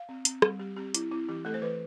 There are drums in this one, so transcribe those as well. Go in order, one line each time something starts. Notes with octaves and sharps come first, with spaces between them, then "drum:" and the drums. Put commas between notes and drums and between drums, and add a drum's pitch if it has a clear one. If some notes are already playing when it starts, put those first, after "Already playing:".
Already playing: F5
C4
C4, drum: hi-hat
G3, drum: rim click
G3 G4
C4 G4
C4 E4, drum: hi-hat
C4 E4
E3 G4
A3 A4
C5
E3 B4